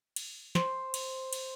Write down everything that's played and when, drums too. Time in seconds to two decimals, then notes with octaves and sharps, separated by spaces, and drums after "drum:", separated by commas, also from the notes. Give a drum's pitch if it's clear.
0.16 drum: cymbal
0.55 C5, drum: snare
0.94 drum: cymbal
1.33 drum: cymbal